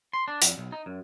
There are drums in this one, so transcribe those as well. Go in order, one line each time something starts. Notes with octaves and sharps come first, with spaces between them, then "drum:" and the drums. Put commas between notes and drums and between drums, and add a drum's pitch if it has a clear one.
C6
D4
F2, drum: hi-hat
B1
D#4
F#2